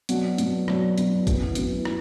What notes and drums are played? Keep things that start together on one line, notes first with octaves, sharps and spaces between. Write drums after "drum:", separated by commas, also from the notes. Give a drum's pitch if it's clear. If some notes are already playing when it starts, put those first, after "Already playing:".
B2 F#3 D4 F#4, drum: hi-hat
B2 F#3 D4 F#4, drum: hi-hat
B2 F#3 D4 F#4, drum: rim click
B2 F#3 D4 F#4, drum: hi-hat
F#2 E3 B3, drum: kick, hi-hat
F#2 E3 B3, drum: hi-hat
E3, drum: rim click